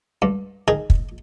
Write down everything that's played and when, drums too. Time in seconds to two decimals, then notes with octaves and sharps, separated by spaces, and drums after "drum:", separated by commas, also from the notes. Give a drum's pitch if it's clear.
0.22 G2
0.68 D#3 G#4
0.90 drum: kick